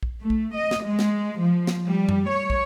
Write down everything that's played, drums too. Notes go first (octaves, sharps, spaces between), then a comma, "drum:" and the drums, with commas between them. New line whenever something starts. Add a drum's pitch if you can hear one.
drum: kick
A3
drum: kick
D#5
drum: snare
G#3
drum: snare
F3
drum: snare
G3
drum: tom F#2
C#5
drum: kick